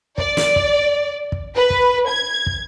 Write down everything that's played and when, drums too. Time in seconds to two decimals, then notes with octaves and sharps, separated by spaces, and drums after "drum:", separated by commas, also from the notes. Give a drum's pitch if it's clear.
0.18 D5, drum: kick
0.37 drum: snare
0.56 drum: kick
1.32 drum: kick
1.56 B4
1.70 drum: kick
2.09 G#6
2.46 drum: kick